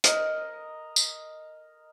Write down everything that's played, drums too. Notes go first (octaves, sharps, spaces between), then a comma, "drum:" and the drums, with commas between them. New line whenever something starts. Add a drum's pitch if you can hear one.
A#4 D#5, drum: hi-hat
drum: tambourine